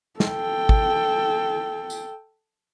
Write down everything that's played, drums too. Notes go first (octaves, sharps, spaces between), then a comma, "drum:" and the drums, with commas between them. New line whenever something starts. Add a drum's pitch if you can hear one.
A4 G5, drum: snare
drum: kick
drum: tambourine